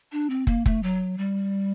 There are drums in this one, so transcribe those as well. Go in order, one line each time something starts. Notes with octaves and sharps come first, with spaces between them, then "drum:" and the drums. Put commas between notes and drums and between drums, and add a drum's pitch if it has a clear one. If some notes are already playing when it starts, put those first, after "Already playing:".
D4
C4
A#3, drum: kick
A3, drum: kick
F#3
G3